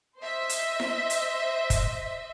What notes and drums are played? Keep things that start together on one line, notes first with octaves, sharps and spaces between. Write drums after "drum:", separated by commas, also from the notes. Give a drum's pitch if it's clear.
C5 D#5 E5
drum: hi-hat
drum: snare E4
drum: hi-hat
drum: kick, hi-hat